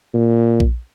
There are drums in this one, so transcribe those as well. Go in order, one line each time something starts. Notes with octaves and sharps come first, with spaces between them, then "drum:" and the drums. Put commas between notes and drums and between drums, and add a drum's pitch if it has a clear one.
A#2
drum: kick A#1